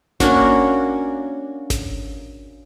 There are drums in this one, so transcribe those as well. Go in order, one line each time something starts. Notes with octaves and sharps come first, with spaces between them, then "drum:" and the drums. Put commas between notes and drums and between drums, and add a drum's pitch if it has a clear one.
A#3 C#4 D4 F#4, drum: snare G#1
drum: snare G#1